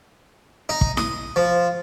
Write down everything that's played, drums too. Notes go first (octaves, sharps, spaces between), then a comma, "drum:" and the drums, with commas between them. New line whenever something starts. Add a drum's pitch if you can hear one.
D#4
drum: kick
D#6, drum: snare E4
F3